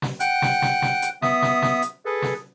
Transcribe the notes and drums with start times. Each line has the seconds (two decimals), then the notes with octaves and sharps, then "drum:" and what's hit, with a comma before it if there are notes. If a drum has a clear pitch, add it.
0.02 drum: snare
0.20 F#5 G5 F#6, drum: hi-hat
0.42 drum: snare
0.62 drum: snare
0.82 drum: snare
1.02 drum: hi-hat
1.22 B3 E5 D#6, drum: snare
1.42 drum: snare
1.62 drum: snare
1.82 drum: hi-hat
2.05 G#4 A4 B4
2.22 drum: snare